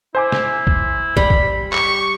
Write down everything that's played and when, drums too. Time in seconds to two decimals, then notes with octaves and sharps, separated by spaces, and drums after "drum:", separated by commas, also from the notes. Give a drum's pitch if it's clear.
0.15 E4 C5 G#5 D6
0.32 drum: snare
0.67 drum: kick
1.17 G3 B5, drum: kick
1.30 drum: kick
1.73 G4 C#6, drum: clap